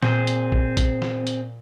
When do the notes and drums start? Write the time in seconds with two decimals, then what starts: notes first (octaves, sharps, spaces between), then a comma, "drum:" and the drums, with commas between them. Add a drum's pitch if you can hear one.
0.02 A#2 C4 G#4 C5, drum: snare
0.27 drum: hi-hat
0.52 drum: kick
0.77 drum: kick, hi-hat
1.02 drum: snare
1.27 drum: hi-hat